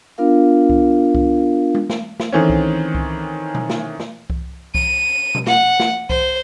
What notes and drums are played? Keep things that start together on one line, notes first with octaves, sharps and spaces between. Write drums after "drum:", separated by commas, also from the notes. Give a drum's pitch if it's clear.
B3 D4 F4 A#4 F5
drum: kick C2
drum: kick C2
drum: tom G#3
drum: snare
drum: snare
D#3 E3 A3 C4 C#4
drum: kick C2
drum: kick C2
drum: tom B2
drum: snare
drum: snare
drum: kick C2
D#7, drum: kick C2
drum: tom B2
F#5, drum: snare
drum: snare
C5, drum: kick C2